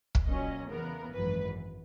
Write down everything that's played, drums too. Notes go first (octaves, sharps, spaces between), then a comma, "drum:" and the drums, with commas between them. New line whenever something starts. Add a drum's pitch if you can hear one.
drum: kick
A#2 F#3 C#4 D#5
E2 C#3 E3 B3 A#4
G#1 F#2 E3 B4